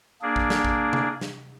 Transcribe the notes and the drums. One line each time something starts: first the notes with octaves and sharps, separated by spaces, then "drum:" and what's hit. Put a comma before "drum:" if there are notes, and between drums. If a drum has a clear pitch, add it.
A#3 D4 G#4
drum: kick A1
drum: snare
drum: kick A1
drum: tom C3
drum: snare